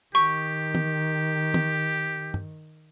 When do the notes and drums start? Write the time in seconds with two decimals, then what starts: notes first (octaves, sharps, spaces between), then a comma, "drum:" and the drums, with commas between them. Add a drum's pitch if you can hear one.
0.15 D#3 G4 C#6
0.75 drum: tom
1.54 drum: tom
2.34 drum: tom